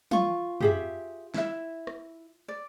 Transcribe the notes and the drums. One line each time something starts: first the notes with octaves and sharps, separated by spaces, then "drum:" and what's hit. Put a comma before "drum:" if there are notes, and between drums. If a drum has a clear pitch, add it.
F4 C#6, drum: tom
G4 G#4 E5, drum: tom
E4 E5, drum: snare
drum: rim click
D5